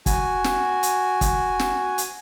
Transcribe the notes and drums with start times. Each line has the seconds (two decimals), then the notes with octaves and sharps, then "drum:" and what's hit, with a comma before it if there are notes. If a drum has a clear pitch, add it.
0.06 F#4 G#5, drum: kick, hi-hat
0.44 drum: snare
0.83 drum: hi-hat
1.21 drum: kick, hi-hat
1.59 drum: snare
1.98 drum: hi-hat